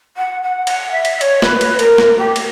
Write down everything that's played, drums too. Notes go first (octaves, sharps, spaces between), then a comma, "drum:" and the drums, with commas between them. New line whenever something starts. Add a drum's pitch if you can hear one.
F#5
F#5
F#5, drum: cymbal
E5
drum: cymbal
E5
C#5, drum: cymbal
B4, drum: snare
drum: cymbal
A#4, drum: cymbal
drum: snare
G4
drum: cymbal